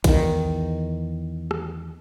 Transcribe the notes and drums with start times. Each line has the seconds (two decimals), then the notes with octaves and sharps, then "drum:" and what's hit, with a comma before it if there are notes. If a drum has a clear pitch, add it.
0.04 E2 D#3, drum: kick A#1, cymbal
1.51 drum: rim click